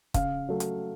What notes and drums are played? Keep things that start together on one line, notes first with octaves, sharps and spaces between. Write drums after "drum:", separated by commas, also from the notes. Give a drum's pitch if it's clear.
C#3 F5, drum: kick, hi-hat
F#3 A3
drum: hi-hat